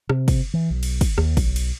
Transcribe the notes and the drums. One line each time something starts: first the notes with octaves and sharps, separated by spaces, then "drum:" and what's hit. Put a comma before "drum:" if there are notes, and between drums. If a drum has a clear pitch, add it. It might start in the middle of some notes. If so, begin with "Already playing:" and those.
C3, drum: rim click
drum: kick, cymbal
E3
B1
drum: cymbal
drum: kick, cymbal
D#2, drum: rim click
B1, drum: kick, cymbal
drum: cymbal